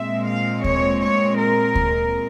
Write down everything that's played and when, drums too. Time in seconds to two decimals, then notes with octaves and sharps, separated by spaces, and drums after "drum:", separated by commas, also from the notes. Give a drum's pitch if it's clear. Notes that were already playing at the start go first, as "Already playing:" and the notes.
Already playing: A#2 G#3 C4 E5
0.27 F5
0.64 C#5, drum: kick D2
1.01 C#5
1.38 A#4
1.75 drum: kick D2